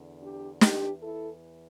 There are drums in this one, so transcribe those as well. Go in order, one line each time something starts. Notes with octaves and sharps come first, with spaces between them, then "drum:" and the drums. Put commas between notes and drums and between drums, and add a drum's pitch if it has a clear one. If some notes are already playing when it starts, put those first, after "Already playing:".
Already playing: E2 D3
D4 G4
E2 E3 D4 G4, drum: snare
E4 A4